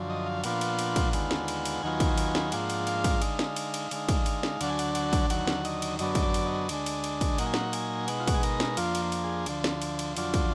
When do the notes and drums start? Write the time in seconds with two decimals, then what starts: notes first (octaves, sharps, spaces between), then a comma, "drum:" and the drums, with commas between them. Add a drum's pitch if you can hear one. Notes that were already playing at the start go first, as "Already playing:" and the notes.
Already playing: F#2 D3 F3
0.10 D#5
0.26 F5
0.44 A#2 F3 B3 D4 F4 F#5, drum: cymbal
0.61 drum: cymbal
0.79 drum: cymbal
0.96 drum: kick, cymbal
1.13 D#2 D3 G#3 B3 F4, drum: cymbal
1.31 drum: snare
1.48 drum: cymbal
1.65 drum: cymbal
1.83 D#2 D#3 F#3 B3 F4 G#5
2.00 drum: kick, cymbal
2.18 drum: cymbal
2.35 drum: snare
2.52 G#2 F3 A#3 D4 F4 F#5, drum: cymbal
2.70 drum: cymbal
2.87 F5, drum: cymbal
3.04 drum: kick, cymbal
3.22 D3 G#3 D#4, drum: cymbal
3.39 drum: snare
3.56 drum: cymbal
3.74 drum: cymbal
3.91 D3 G#3 D#4, drum: cymbal
4.09 drum: kick, cymbal
4.26 drum: cymbal
4.43 drum: snare
4.61 D2 D3 F#3 D4 F#5, drum: cymbal
4.69 G#5
4.79 F#5, drum: cymbal
4.95 F#5, drum: cymbal
5.13 drum: kick, cymbal
5.30 D#2 D3 F#3 F#5, drum: cymbal
5.47 drum: snare
5.65 D#5, drum: cymbal
5.82 drum: cymbal
5.99 F#2 D3 F#3 B3 D4 D#5, drum: cymbal
6.15 D#5, drum: kick, cymbal
6.23 D5
6.34 drum: cymbal
6.46 D#5
6.69 D2 D3 G#3 D4, drum: cymbal
6.86 drum: cymbal
7.04 drum: cymbal
7.21 drum: kick, cymbal
7.38 A#2 F#3 A#3 D#4 F#5, drum: cymbal
7.46 G#5
7.54 F#5, drum: snare
7.73 G#5, drum: cymbal
8.08 B2 G#3 D#4 F#5, drum: cymbal
8.20 F4
8.27 F#4, drum: kick, cymbal
8.34 G#4
8.43 A#4, drum: cymbal
8.60 drum: snare
8.77 F2 F3 A#3 D4 F4, drum: cymbal
8.95 drum: cymbal
9.12 drum: cymbal
9.24 G#4
9.46 D2 D3 F3, drum: cymbal
9.64 drum: snare
9.82 drum: cymbal
9.99 drum: cymbal
10.17 F2 D3 F#3 D4 F4, drum: cymbal
10.34 drum: kick, cymbal